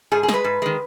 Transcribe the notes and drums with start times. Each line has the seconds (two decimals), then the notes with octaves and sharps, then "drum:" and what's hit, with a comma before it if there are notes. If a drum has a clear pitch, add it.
0.12 G#2 G#4
0.23 G#4
0.29 G#3 B4, drum: snare
0.44 G#2
0.62 D#3 G#3